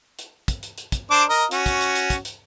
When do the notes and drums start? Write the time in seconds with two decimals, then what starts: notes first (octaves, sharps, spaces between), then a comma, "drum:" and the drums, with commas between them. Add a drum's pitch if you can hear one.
0.19 drum: hi-hat
0.48 drum: kick, hi-hat
0.63 drum: hi-hat
0.78 drum: hi-hat
0.92 drum: kick, hi-hat
1.11 D4 C5 D6
1.29 A#4 D#5
1.51 C#4 F#4, drum: hi-hat
1.66 drum: kick, hi-hat
1.81 drum: hi-hat
1.95 drum: hi-hat
2.10 drum: kick, hi-hat
2.25 drum: hi-hat